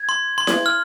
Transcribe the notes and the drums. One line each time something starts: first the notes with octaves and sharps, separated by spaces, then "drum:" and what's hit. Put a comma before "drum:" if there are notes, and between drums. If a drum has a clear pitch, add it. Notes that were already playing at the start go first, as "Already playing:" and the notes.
Already playing: G#6
C6
C6
drum: snare E4
F6